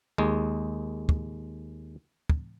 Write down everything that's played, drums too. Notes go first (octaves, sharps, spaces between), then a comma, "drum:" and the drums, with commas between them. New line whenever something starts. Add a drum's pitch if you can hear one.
D#2 G#3
drum: kick
drum: kick